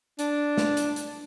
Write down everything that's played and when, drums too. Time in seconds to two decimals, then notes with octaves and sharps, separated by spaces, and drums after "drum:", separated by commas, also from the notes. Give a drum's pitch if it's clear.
0.19 D4, drum: hi-hat
0.58 drum: snare
0.77 drum: hi-hat
0.96 drum: hi-hat